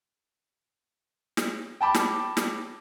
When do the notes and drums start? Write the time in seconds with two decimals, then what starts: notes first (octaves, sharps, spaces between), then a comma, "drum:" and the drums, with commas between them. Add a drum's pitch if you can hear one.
1.37 drum: snare
1.81 G5 A5 B5 D6
1.94 drum: snare
2.37 drum: snare